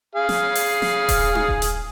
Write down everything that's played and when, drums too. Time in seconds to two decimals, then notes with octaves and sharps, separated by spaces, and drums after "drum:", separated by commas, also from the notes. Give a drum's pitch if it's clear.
0.16 G#4 F5
0.29 drum: snare
0.55 drum: open hi-hat
0.82 drum: snare
1.09 drum: kick D#1, open hi-hat
1.35 drum: tom D#4
1.49 drum: kick D#1
1.62 drum: hi-hat